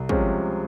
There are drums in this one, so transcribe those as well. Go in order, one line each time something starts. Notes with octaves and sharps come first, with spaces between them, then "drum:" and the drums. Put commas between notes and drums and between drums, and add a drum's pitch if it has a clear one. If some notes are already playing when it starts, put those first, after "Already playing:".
Already playing: C2
C3 F3 G#3 C#4, drum: kick